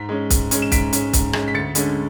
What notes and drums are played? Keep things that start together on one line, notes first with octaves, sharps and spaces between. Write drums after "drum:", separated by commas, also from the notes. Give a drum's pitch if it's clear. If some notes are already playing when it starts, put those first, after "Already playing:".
Already playing: G#2 B6
G#3 C#4
G#2, drum: kick, hi-hat
G#3 C#4, drum: hi-hat
E7
G#2 B6 D7, drum: kick, hi-hat
G#3 C#4, drum: hi-hat
G#2, drum: kick, hi-hat
G#3 C#4, drum: rim click
B6
D2 A6 C#7
D3 G#3 C#4, drum: hi-hat